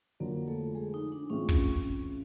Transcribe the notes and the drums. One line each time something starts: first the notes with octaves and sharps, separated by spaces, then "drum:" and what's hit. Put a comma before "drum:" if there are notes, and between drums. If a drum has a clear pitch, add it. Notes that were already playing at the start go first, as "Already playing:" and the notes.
F2 D3 F#3 A#3 A#4
A3 A4
G#3 G#4
D#4
D4
A2 E3 G#3 C4 C#4 F4
drum: kick
C#4
C#4